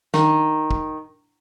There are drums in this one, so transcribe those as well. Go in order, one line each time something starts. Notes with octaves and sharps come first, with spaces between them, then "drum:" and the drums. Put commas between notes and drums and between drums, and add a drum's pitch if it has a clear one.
D#3, drum: snare
drum: kick